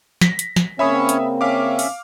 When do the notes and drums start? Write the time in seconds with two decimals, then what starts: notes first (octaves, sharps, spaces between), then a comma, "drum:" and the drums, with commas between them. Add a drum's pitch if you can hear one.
0.21 A#6 B6, drum: snare
0.39 drum: hi-hat
0.56 drum: snare
0.79 C#3 A#3 C4 C#4 C#5 E5 B5 D#6
1.09 drum: hi-hat
1.41 C#4 E5 F5 D6
1.79 drum: open hi-hat